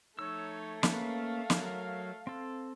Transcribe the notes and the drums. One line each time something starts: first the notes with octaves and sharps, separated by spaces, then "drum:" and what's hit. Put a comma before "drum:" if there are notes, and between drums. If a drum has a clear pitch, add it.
F3 A3 D#4 C#5 E6
A#3 C#4 B4 F5, drum: snare
F#3 A#4, drum: snare
C4 A4